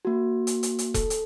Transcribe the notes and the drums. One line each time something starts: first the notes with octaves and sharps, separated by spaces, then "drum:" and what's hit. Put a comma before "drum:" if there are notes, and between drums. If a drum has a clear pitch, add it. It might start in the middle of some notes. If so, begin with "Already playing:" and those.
A#3 F#4
drum: hi-hat
drum: hi-hat
drum: hi-hat
A4, drum: kick E1, hi-hat
drum: hi-hat